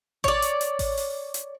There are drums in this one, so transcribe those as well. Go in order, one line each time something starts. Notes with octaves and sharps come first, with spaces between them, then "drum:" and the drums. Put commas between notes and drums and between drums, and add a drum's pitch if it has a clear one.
C#5 D5, drum: kick A1
drum: hi-hat
drum: hi-hat
drum: kick A1, open hi-hat
drum: open hi-hat
drum: hi-hat